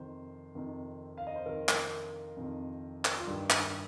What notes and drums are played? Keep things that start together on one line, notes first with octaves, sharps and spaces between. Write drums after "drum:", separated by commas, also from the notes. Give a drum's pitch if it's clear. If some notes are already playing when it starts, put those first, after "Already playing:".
Already playing: F2 C3 D#3 C5
F2 C3 D#3
F5
D#5
C5
F2 C3 D#3 A#4
drum: clap
F2 C3 D#3
drum: clap
F4
G2 D#3 G4
drum: clap